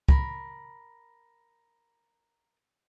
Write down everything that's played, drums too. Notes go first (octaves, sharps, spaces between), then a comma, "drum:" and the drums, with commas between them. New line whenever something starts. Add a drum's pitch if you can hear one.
A#4 B5, drum: kick